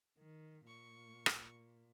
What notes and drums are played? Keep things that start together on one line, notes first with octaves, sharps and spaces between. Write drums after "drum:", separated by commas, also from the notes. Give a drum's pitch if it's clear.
D#3
A#2 C#6
drum: rim click